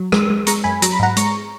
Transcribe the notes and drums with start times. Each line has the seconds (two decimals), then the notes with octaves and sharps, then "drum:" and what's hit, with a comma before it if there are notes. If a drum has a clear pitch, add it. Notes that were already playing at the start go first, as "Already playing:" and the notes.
Already playing: F#3
0.12 G#3, drum: rim click
0.30 G#3
0.47 G#3 A#5 C#6, drum: hi-hat
0.64 F#2 G#5 B5
0.82 F#3 A#5, drum: hi-hat
0.92 B5
0.99 G#2 F#5 A#5
1.16 G#3 A#5 C#6, drum: hi-hat